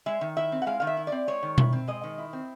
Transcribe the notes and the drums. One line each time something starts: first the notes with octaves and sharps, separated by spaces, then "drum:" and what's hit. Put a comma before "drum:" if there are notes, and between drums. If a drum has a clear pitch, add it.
G#3 E5
D#3
E4 E5
C4
F#5
G#3 F5
D#3 F5
E5
E4
C4 D5
G#3 C#5
D#3
E4, drum: tom B2
C4
G#3 D#5
D#3
E4
C4